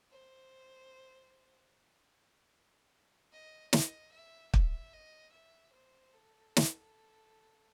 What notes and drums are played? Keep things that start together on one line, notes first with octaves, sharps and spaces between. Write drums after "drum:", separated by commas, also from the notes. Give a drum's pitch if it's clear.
C5
D#5
D#5, drum: snare
E5
E5, drum: kick
D#5
E5
C5
A4
drum: snare